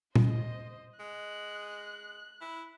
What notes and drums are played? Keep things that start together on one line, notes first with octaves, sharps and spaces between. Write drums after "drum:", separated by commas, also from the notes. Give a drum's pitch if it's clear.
C5 D#5, drum: tom A#2
G#3 F#6
E4